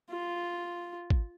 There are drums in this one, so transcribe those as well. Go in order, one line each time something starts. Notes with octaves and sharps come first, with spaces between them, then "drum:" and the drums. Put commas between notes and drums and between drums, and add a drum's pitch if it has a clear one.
F4
drum: kick